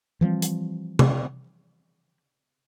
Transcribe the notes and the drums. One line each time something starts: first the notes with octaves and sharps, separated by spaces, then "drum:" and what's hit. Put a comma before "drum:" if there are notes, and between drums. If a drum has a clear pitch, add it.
E3 F3 G3 C4
drum: hi-hat
drum: tom C3